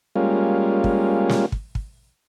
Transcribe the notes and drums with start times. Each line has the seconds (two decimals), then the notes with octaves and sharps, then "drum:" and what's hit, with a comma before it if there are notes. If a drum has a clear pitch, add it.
0.16 G3 G#3 A#3 C#4 F4
0.84 drum: kick
1.30 drum: snare
1.52 drum: kick
1.75 drum: kick